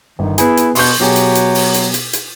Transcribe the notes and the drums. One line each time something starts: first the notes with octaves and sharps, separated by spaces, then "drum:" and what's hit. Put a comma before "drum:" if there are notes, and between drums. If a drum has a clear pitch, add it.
G1 D#3
B3 E4 G#4, drum: hi-hat
drum: hi-hat
B2 C6 C#6 G6, drum: open hi-hat
B2 F#3 G4 G#4
drum: hi-hat
drum: hi-hat
drum: open hi-hat
drum: hi-hat
drum: hi-hat
drum: hi-hat